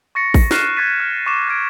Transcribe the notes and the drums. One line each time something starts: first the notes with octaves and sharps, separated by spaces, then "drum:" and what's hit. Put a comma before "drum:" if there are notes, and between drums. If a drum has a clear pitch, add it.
C#6 A6 A#6 C#7
drum: kick A1, open hi-hat
F6 F#6 C7 C#7 D#7 E7, drum: snare
C#6 F#6 G#6 A6 B6 D#7
F6
C#6 D6 A6 E7
F6 F#6 G#6 D7